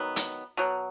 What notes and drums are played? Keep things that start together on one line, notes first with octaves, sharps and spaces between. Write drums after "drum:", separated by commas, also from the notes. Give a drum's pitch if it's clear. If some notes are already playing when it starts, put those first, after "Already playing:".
Already playing: D#3 F#3 B3
drum: hi-hat
B2 F#3